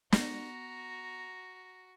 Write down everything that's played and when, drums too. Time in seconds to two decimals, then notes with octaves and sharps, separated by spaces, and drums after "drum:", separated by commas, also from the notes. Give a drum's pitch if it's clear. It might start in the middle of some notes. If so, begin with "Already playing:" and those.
0.12 B3 F#4 A#5, drum: snare